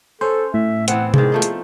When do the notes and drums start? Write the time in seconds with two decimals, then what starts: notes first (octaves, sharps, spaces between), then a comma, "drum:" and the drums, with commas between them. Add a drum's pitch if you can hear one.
0.21 C#4 A4 C5
0.54 A2 E5
0.88 E3 B3 C4 F#5, drum: hi-hat
1.14 G#2 D#3 G#4, drum: tom C3
1.32 F3 A3 D#4
1.42 drum: hi-hat